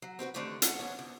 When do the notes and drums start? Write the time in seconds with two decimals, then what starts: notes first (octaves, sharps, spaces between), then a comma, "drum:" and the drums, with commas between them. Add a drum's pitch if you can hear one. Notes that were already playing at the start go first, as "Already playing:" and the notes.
0.02 F#3
0.19 C4 F#4 A4 B4
0.34 D3 D#3 G3 A3 C4 D4
0.62 F#5, drum: hi-hat
0.79 E2 B3 C#5
0.99 D2